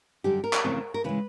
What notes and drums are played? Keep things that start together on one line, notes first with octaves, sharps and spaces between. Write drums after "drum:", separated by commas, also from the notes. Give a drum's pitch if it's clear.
F#2 D3 G3 G4
A#4
drum: clap
F2 C#3 E3 A3 C4
A#4
C#3 E3 G#3 B4